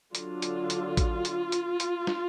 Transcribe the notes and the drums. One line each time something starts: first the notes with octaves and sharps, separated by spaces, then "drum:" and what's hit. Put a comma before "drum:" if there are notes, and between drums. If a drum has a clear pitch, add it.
D3 F#3 D4 F4, drum: hi-hat
drum: hi-hat
drum: hi-hat
drum: kick A1, hi-hat
drum: hi-hat
drum: hi-hat
drum: hi-hat
drum: snare